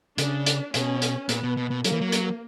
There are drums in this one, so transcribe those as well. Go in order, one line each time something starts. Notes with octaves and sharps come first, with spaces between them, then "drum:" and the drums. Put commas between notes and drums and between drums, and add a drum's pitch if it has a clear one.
C#3 D4, drum: hi-hat
drum: hi-hat
B2 C#4, drum: hi-hat
drum: hi-hat
A#2 B3, drum: hi-hat
B2
B2
B2
F#3 A#3, drum: hi-hat
E3
F#3
drum: hi-hat